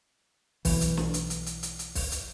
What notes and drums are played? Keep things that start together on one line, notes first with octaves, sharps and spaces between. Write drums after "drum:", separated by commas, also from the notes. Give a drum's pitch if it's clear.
B1 E3, drum: kick, open hi-hat
drum: hi-hat
drum: snare
drum: hi-hat
drum: hi-hat
drum: hi-hat
drum: hi-hat
drum: hi-hat
drum: kick, open hi-hat
drum: hi-hat